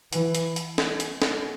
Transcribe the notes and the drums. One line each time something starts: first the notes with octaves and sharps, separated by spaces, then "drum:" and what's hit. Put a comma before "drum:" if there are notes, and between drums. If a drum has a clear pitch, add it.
E3, drum: hi-hat
drum: hi-hat
drum: hi-hat
drum: snare
drum: hi-hat
drum: snare